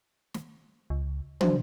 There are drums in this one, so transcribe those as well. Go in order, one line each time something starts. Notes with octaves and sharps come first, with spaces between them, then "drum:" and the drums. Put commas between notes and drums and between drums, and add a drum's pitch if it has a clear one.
drum: snare
C#2
F#3 D4 F#4 C5, drum: tom